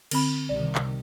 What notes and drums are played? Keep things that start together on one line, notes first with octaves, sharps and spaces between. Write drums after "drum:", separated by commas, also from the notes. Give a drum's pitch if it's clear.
D3 C4 B5, drum: cymbal
C2 C3 D#3 D5
drum: clap